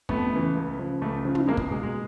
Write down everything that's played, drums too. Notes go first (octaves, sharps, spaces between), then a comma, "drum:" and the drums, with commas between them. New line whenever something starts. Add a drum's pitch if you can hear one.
F2 A3 B3, drum: kick
C#3 E3
C#2
C#3 F3
C#2 A3
C#3 F3
drum: tom
C#2 G#3 A#3
drum: kick
B2 G#3
G#3